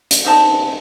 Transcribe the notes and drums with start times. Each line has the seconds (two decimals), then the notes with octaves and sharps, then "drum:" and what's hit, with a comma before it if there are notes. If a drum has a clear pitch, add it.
0.11 drum: hi-hat
0.25 C4 D#4 A5